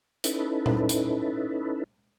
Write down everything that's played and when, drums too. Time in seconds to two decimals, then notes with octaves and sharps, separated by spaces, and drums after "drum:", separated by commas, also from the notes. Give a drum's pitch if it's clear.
0.24 C#4 D#4 E4 A4 B4, drum: hi-hat
0.66 drum: tom A#2
0.89 drum: hi-hat